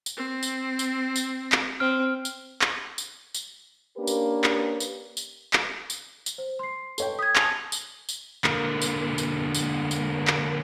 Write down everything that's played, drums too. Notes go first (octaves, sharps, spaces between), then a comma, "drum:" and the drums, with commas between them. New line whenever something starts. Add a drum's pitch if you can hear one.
drum: tambourine
C4
drum: tambourine
drum: tambourine
drum: tambourine
drum: clap
C4 F6
drum: tambourine
drum: clap
drum: tambourine
drum: tambourine
A#3 C#4 D4 G4 A#4 B4
drum: tambourine
drum: clap
drum: tambourine
drum: tambourine
drum: clap
drum: tambourine
drum: tambourine
C5
C6 C7
A4 C#5 G5, drum: tambourine
D#6 G6 G#6 B6
G#5 A5 D#6 F7, drum: clap
drum: tambourine
drum: tambourine
D3 A#3, drum: clap
drum: tambourine
drum: tambourine
drum: tambourine
drum: tambourine
drum: clap